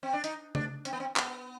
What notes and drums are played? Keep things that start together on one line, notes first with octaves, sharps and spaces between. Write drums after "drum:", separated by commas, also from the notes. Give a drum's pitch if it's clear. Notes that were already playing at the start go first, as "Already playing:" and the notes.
C4
D4
D#4, drum: hi-hat
D4, drum: tom C#3
C4, drum: hi-hat
B3
C4
B3, drum: clap